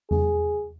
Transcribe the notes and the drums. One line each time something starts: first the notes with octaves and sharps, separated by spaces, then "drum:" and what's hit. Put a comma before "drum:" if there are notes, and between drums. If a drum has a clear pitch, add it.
G#4, drum: tom E2